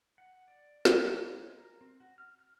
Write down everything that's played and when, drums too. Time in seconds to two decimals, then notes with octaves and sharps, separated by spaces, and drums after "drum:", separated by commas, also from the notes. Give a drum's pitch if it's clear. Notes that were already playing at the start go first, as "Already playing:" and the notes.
0.18 F#5
0.48 D5
0.85 A#5, drum: snare
1.32 G#3
1.57 A#4
1.81 C4
2.00 F#4
2.18 F6
2.39 F6